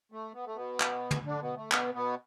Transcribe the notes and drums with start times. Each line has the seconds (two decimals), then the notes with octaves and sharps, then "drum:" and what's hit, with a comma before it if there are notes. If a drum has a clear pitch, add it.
0.12 A3
0.34 B3
0.46 A3
0.56 B2 B3
0.80 drum: clap
1.11 drum: tom
1.26 D3 D4
1.41 B2 B3
1.56 A3
1.71 B2 B3, drum: clap
1.94 B2 B3